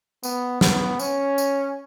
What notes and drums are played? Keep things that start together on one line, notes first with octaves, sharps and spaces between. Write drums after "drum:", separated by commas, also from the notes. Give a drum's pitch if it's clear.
B3, drum: tambourine
B3, drum: snare
C#4, drum: tambourine
drum: tambourine